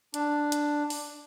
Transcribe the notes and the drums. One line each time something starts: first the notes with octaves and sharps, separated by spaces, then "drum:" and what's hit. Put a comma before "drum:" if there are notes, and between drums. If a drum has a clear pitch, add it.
D4, drum: hi-hat
drum: hi-hat
drum: open hi-hat